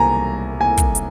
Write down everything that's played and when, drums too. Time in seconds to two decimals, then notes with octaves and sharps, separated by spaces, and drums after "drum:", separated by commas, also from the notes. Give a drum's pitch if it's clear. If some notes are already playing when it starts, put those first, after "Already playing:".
Already playing: C2 G#5 A#5
0.61 G#5
0.78 drum: kick, hi-hat
0.95 drum: hi-hat